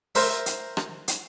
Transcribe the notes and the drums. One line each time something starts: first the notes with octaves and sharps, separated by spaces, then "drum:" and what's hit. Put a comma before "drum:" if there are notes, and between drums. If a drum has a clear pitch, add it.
A#4 C5 E5, drum: open hi-hat
drum: hi-hat
drum: rim click
drum: hi-hat